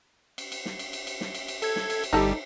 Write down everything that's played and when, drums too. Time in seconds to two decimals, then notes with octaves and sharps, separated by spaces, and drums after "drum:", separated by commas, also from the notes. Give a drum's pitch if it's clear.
0.38 drum: cymbal
0.52 drum: cymbal
0.66 drum: snare
0.79 drum: cymbal
0.93 drum: cymbal
1.07 drum: cymbal
1.21 drum: snare
1.35 drum: cymbal
1.48 drum: cymbal
1.62 A4 G#6, drum: cymbal
1.76 drum: snare
1.90 drum: cymbal
2.04 drum: cymbal
2.13 G1 G3 D#4 G4 A4